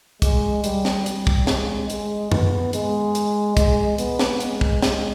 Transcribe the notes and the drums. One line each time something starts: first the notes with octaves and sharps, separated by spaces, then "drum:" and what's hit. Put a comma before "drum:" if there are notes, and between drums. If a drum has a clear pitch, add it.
G#3, drum: kick, hi-hat
G3, drum: hi-hat
drum: snare
G3, drum: hi-hat
drum: kick
G#3, drum: snare
G#3, drum: hi-hat
B3, drum: tom F#2
G#3, drum: hi-hat
drum: hi-hat
G#3, drum: kick, hi-hat
B3, drum: hi-hat
drum: snare
G#3, drum: hi-hat
drum: kick
G#3, drum: snare